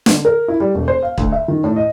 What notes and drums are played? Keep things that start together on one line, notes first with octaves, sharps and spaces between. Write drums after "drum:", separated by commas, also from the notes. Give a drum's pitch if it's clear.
D3, drum: snare
A#4
E4
G3
E1
C5
F5
D2, drum: kick
E5
D#3
A2
D#5